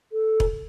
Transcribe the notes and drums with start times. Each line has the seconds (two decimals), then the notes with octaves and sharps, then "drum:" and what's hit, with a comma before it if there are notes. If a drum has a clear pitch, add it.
0.12 A4
0.40 drum: kick E1